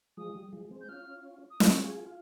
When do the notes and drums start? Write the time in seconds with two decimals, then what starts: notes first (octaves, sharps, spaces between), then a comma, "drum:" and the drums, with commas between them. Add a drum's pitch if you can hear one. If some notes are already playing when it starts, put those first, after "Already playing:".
0.17 F3 G#3 D#6
0.36 G3
0.53 F3 G#3
0.71 G#3 C4
0.81 G6
0.88 C#4 F4 F6
1.50 D#6
1.60 C#6, drum: snare
1.83 F4 G#4
2.06 F4